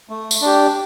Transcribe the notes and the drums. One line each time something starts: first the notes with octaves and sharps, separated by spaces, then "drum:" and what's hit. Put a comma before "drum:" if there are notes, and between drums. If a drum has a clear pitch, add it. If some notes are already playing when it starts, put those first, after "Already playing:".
A3
drum: tambourine
D4 G4